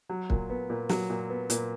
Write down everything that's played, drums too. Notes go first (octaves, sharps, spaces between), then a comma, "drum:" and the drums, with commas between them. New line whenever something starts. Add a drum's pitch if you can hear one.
F#3
A#2, drum: kick
B3
A#2
F#3, drum: snare
A#2
B3
A#2, drum: hi-hat